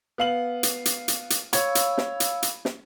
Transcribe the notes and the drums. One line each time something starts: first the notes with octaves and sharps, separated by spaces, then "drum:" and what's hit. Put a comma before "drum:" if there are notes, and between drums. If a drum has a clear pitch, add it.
B3 F5 F#7
drum: hi-hat
drum: hi-hat
drum: hi-hat
drum: hi-hat
C#5 F5 B5 E6, drum: hi-hat
drum: hi-hat
drum: snare
drum: hi-hat
drum: hi-hat
drum: snare